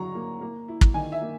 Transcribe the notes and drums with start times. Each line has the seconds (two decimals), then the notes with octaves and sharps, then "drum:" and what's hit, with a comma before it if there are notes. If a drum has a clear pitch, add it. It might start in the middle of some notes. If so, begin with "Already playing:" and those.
Already playing: F#3 A#5 C#6
0.15 A#3
0.41 A#3
0.68 E4
0.81 drum: kick
0.94 D#3 G#5
1.12 E5
1.21 A#3